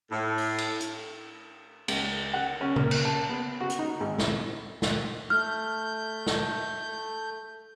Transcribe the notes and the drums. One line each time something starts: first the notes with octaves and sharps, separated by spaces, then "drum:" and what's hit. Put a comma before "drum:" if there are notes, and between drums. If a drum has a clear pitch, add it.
A2
drum: open hi-hat
drum: cymbal
drum: hi-hat
C#2, drum: cymbal
F#5
C#4
A#3, drum: tom C#3
drum: cymbal
A5
B3
F#4
drum: hi-hat
D#4
G#1
E4, drum: snare
drum: snare
A3 F6 G6
drum: snare